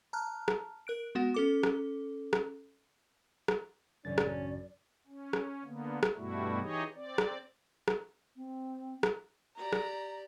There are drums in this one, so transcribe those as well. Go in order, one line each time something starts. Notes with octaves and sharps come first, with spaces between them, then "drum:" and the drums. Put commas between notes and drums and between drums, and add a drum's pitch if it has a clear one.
A5 A#5 F6 F#6
drum: rim click
A#4 F#6 D7
G#3 B3 F#4 F#5
C#4 A4 D6
drum: rim click
drum: rim click
drum: rim click
A1 F#2 C#3 C#4 D4 D5 A6
drum: rim click
C#4
drum: rim click
D3 A#3 B3
drum: rim click
G2 B2 G3 A3 E4 F#4
E3 D#4 G4 G#4 C#5 D#5
C4 D5
drum: rim click
drum: rim click
C4
drum: rim click
G4 D5 A#5
drum: rim click